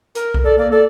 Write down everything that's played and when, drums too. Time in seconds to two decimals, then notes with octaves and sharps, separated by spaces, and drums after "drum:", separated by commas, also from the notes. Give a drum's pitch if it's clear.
0.15 A#4, drum: hi-hat
0.34 drum: kick B1
0.44 A4 D5
0.58 A#3 D5
0.72 A4 D5